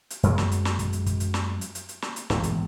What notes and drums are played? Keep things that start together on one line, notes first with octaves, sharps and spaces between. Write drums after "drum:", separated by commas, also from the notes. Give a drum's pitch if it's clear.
drum: hi-hat
F#2 F#3 G#3, drum: hi-hat
drum: snare
drum: hi-hat
drum: snare
drum: kick, hi-hat
drum: hi-hat
drum: kick, hi-hat
drum: hi-hat
drum: snare
drum: hi-hat
drum: hi-hat
drum: hi-hat
drum: snare
drum: hi-hat
G#1 E2 A2, drum: snare
drum: kick, hi-hat